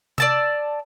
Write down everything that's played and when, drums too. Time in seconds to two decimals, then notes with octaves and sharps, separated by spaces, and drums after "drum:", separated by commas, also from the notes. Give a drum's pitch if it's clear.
0.18 D5 A5 E6, drum: tom C3